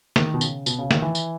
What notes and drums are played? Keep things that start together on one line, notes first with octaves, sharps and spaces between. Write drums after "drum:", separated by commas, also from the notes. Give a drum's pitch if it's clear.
D#3, drum: snare
B2
C#3, drum: tambourine
B2, drum: tambourine
C#3
D#3, drum: snare
E3
drum: tambourine